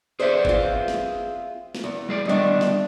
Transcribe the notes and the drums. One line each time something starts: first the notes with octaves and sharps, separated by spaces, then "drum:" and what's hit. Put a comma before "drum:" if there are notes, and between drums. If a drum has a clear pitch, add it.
D4 G#4 B4 C5 E5
C4 F4, drum: kick F#1
drum: snare
drum: snare
E2
G3 G#4 D5
D#3 G3 B3 D4 E5
drum: snare